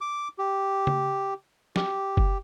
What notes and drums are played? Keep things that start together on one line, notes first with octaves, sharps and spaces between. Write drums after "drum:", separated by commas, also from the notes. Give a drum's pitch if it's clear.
D6
G4
drum: tom C#3
G4, drum: snare
drum: kick F#1